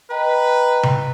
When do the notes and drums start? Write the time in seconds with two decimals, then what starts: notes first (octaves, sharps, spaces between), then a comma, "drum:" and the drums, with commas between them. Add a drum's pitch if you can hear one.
0.10 B4 D#5 G5 A#5
0.83 drum: tom C3